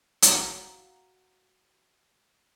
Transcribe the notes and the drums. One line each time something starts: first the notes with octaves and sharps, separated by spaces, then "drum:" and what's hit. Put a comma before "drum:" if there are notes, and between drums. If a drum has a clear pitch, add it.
F#4 F5 F#5 A#5, drum: hi-hat